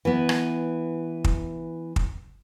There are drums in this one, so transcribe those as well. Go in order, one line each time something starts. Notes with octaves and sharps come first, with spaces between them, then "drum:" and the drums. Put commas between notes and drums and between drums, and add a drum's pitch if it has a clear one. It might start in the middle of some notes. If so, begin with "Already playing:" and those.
E3 B3
drum: rim click
drum: kick
drum: kick